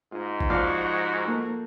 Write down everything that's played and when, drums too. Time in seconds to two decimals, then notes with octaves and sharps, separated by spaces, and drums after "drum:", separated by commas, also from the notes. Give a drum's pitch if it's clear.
0.12 G#2 F4 D#5
0.40 drum: kick A1
0.50 F3 F#4 D5 F5
1.25 A#3 A4